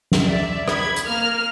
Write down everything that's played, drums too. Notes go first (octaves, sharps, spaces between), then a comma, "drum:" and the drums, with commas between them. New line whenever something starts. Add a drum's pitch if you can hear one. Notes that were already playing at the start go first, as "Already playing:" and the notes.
drum: snare
D5 E5
B5 G#6, drum: rim click
drum: hi-hat
A#3 F6